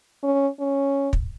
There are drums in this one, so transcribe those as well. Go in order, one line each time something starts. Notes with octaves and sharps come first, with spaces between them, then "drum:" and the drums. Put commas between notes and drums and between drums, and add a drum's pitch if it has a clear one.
C#4
C#4
drum: kick